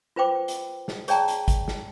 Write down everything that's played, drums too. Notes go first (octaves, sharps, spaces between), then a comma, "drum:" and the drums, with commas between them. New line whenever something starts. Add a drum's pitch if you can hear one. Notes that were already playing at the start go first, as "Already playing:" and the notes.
F4 B4 C5 G5 D6
drum: hi-hat
drum: snare
G#4 C#5 D5 G5 A5 A#5, drum: hi-hat
drum: hi-hat
drum: kick, hi-hat
drum: snare